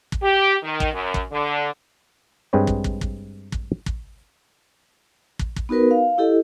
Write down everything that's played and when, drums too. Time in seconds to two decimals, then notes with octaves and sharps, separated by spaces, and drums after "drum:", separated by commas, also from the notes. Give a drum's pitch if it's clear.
0.12 drum: kick
0.23 G4
0.63 D#3
0.80 drum: kick
0.93 F#2
1.14 drum: kick
1.32 D3
2.53 G2 G#3 C4 B4 C#5
2.67 drum: kick
2.84 drum: kick
3.01 drum: kick
3.52 drum: kick
3.86 drum: kick
5.39 drum: kick
5.56 drum: kick
5.69 B3 D#4 F#4 A#4 B4
5.91 F5
6.18 E4 G4 A4 D#5